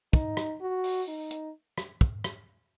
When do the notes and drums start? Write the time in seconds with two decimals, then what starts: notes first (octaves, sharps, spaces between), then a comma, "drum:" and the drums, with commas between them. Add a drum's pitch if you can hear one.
0.13 D#4, drum: kick
0.37 drum: rim click
0.61 F#4
0.84 drum: open hi-hat
1.08 D#4
1.31 drum: hi-hat
1.78 drum: rim click
2.01 drum: kick
2.24 drum: rim click